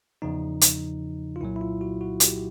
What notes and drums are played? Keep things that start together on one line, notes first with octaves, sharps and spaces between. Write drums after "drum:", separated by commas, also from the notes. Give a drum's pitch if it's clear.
E2 C#3 F3 D#4
drum: hi-hat
F4
C2 A#2 F#3 E4
E4
F4
F#4
F#4
G4, drum: hi-hat